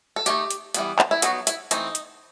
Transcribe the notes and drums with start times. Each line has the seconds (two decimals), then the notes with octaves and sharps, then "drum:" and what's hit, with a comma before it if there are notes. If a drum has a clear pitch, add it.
0.16 A4
0.26 D#3 A3 D#4 G4, drum: hi-hat
0.51 drum: hi-hat
0.74 E3 G3 B3, drum: hi-hat
0.99 drum: clap
1.11 E4
1.22 F#3 B3 D#4 F#4, drum: hi-hat
1.47 E4, drum: hi-hat
1.71 E3 A3 C4 D#4, drum: hi-hat
1.95 drum: hi-hat